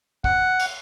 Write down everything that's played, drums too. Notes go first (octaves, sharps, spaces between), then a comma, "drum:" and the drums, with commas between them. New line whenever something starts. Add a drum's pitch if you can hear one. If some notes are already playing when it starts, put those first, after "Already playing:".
F#5, drum: kick
drum: cymbal